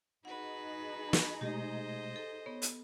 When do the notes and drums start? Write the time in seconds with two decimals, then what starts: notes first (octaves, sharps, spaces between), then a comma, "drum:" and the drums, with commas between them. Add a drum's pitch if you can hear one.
0.25 D#4 F#4 G#4 B4 F#5
1.13 drum: snare
1.41 B2 G#3 A3 G4 C5 D#5
2.16 A4
2.46 B3 C#5
2.62 drum: hi-hat